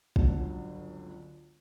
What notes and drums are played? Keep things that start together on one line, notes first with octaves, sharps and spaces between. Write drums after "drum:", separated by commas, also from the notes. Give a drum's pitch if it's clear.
G1 C#2 D3 F#3, drum: kick